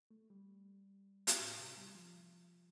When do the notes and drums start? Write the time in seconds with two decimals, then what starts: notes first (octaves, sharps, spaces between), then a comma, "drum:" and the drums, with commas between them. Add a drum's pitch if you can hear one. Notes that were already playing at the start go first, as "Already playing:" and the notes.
0.11 A3
0.30 G3
1.27 drum: hi-hat
1.40 A2
1.59 C3
1.77 G3
1.95 F3